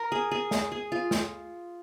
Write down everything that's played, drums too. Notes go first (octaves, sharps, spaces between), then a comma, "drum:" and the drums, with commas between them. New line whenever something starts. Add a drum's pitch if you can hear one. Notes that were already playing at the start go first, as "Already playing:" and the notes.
Already playing: A#4
G#4
G#4
drum: snare
G#4
F4
drum: snare